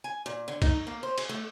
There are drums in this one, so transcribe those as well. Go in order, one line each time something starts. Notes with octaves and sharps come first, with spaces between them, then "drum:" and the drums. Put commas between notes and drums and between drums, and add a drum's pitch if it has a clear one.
G#5
A#2
D3
D#4, drum: kick, cymbal
A#3
C5
G#4, drum: cymbal
A3